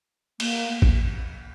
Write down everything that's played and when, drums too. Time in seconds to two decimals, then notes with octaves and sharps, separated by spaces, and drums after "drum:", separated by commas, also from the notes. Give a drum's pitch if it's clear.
0.40 A#3, drum: cymbal
0.82 drum: kick G#1